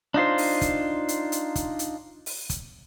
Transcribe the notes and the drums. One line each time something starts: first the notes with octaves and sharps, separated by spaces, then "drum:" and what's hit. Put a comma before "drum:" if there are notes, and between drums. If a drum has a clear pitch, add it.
D4 D#4 F4 C5
drum: open hi-hat
drum: kick, hi-hat
drum: hi-hat
drum: hi-hat
drum: kick, hi-hat
drum: hi-hat
drum: open hi-hat
drum: kick, hi-hat